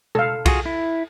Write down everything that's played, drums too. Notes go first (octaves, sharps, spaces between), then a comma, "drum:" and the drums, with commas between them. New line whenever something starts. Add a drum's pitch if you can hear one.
A4 F5, drum: tom B2
F4 F#4 G#4, drum: kick B1, cymbal
E4